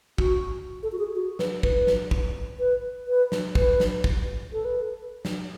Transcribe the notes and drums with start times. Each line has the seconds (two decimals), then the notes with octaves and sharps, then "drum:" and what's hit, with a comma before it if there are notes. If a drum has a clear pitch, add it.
0.18 F#4, drum: kick
0.83 A4
0.92 F#4
0.99 G#4
1.15 F#4
1.39 B4, drum: snare
1.63 B4, drum: kick
1.87 drum: snare
2.11 drum: kick
2.59 B4
3.08 B4
3.32 drum: snare
3.55 B4, drum: kick
3.80 drum: snare
4.04 drum: kick
4.53 A4
4.65 B4
5.25 drum: snare